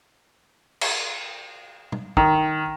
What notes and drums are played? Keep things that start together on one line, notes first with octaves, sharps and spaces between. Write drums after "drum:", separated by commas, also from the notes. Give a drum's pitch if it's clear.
drum: cymbal
drum: tom B2
D#3, drum: kick